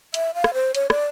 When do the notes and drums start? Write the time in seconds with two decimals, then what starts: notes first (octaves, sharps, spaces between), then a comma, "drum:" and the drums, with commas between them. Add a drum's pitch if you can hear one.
0.14 E5, drum: hi-hat
0.34 F5
0.44 drum: rim click
0.54 C5
0.75 C#5, drum: hi-hat
0.90 D5, drum: rim click